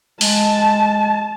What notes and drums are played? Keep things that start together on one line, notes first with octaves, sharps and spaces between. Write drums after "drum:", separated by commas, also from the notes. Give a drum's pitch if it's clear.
G#3 A5, drum: open hi-hat